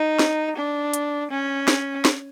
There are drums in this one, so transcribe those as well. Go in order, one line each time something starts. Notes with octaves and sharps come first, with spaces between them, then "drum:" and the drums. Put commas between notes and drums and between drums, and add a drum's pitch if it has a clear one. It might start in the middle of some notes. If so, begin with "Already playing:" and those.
Already playing: D#4
drum: snare
D4
drum: hi-hat
C#4
drum: snare
drum: snare